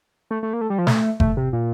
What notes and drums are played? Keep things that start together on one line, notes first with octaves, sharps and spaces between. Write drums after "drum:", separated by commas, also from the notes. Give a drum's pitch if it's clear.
A3
A3
A#3
A3
G3
F3
A3, drum: snare
A3, drum: kick F#1
C3
A#2